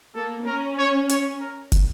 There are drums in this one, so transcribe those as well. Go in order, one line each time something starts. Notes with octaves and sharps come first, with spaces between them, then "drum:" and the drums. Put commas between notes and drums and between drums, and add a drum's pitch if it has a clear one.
A#3 A4
C#4 A#4
C#5
C#5, drum: hi-hat
A#4
drum: kick, hi-hat